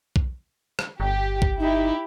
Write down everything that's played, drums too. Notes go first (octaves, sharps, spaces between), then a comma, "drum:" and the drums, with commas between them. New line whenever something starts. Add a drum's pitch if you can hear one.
drum: kick
drum: rim click
G1 G4
drum: kick
D#4 E4 G4